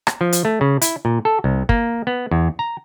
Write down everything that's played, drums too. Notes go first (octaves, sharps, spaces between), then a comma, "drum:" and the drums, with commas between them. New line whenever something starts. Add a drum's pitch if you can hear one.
drum: rim click
F3
drum: hi-hat
A3
C#3
E4, drum: hi-hat
A#2
A4
C2
A#3, drum: kick
B3
E2
A#5